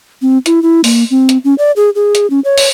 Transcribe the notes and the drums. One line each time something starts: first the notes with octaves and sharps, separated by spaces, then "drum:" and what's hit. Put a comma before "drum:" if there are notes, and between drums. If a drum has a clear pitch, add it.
C4
E4, drum: hi-hat
E4
A#3, drum: open hi-hat
C4
drum: hi-hat
C#4
D5
G#4
G#4
drum: hi-hat
C#4
C#5
drum: open hi-hat